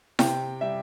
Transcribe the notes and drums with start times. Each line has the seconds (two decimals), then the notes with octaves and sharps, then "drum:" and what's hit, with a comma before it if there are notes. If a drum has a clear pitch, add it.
0.19 C3 G5, drum: snare E4
0.61 G3 E5